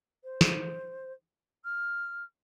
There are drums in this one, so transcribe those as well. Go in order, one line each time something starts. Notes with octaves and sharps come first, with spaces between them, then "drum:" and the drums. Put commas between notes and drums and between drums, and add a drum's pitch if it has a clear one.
C5
drum: snare
F6